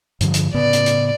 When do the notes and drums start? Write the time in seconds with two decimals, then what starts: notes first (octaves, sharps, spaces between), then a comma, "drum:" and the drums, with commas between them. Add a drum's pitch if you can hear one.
0.21 G2 D3 F3, drum: hi-hat
0.34 drum: hi-hat
0.54 A2 C#3 B3 D5
0.73 drum: hi-hat
0.86 drum: hi-hat